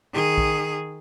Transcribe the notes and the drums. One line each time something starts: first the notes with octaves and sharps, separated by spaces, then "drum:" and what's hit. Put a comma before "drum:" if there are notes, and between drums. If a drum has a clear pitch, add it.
D#3 G#4
drum: kick A#1